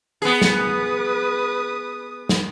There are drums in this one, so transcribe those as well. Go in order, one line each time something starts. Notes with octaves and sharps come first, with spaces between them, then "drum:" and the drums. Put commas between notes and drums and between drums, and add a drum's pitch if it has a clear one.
B3 G#4 B4 D#6
drum: snare
drum: snare